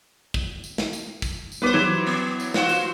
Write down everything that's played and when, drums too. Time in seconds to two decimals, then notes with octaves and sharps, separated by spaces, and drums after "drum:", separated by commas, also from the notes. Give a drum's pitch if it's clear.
0.34 drum: kick
0.64 drum: tambourine
0.78 drum: snare
0.93 drum: tambourine
1.22 drum: kick, tambourine
1.52 drum: tambourine
1.62 G3 B3 B4 C5 D6
1.74 E3 F#3 G#6
2.06 B3
2.40 drum: tambourine
2.54 F4 F#4 C5, drum: snare
2.69 drum: tambourine